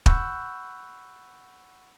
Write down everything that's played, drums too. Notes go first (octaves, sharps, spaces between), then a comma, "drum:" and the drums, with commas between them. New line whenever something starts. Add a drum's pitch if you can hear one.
F#5 B5 C#6 E6 F#6 G6, drum: kick